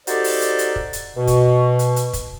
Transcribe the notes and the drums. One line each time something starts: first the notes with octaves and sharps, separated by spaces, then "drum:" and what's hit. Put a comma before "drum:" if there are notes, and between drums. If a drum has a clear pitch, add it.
D#4 F#4 G4 A4 C5 D5, drum: hi-hat
drum: open hi-hat
drum: hi-hat
drum: hi-hat
drum: kick
drum: hi-hat
B2
drum: kick, hi-hat
drum: hi-hat
drum: hi-hat
drum: kick, hi-hat